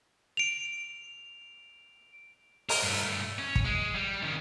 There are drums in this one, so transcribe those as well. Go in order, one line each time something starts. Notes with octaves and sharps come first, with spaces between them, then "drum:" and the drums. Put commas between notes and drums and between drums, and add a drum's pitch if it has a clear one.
D7 F7
A#4, drum: open hi-hat
G2 A3
C#4
drum: kick
G#3
G3
D#3 C#4